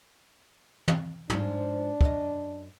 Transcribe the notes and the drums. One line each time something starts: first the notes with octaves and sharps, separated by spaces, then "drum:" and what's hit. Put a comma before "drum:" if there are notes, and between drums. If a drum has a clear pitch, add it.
drum: tom
G#2 F3 D4, drum: tom
F#2 D#5, drum: kick